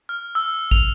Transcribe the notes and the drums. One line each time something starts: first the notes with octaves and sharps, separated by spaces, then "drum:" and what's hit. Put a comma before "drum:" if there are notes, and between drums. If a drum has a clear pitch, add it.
F6
E6
F7, drum: kick